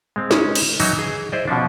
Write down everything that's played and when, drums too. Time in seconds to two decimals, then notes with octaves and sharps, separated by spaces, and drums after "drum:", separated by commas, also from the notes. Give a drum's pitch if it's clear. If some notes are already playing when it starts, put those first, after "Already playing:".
0.16 G#3 C4
0.31 G#3 C#4, drum: snare
0.55 drum: cymbal
0.80 E3 F#3 D#4 E4 F#4, drum: open hi-hat
0.99 G#4
1.32 E4 C5 D5 D#5
1.48 B2 F3 C#4 D4